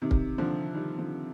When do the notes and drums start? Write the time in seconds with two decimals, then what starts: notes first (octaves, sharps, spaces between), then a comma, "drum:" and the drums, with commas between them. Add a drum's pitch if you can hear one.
0.02 C3 D#3
0.11 drum: kick
0.38 D3 F3
0.74 D#3 G3
0.98 D3 F3